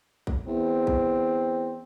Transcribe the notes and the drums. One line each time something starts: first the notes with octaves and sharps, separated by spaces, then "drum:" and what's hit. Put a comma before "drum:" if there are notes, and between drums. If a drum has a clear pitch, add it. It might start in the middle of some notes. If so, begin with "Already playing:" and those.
drum: kick
E2 C4
drum: kick